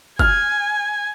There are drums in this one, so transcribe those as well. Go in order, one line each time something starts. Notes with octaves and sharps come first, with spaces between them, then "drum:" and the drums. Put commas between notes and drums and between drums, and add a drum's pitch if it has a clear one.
G#5 F6, drum: kick